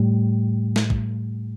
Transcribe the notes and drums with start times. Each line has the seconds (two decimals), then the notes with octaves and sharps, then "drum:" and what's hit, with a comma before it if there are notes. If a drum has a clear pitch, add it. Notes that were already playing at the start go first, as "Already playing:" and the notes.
Already playing: A2 G3
0.76 drum: snare
0.90 drum: kick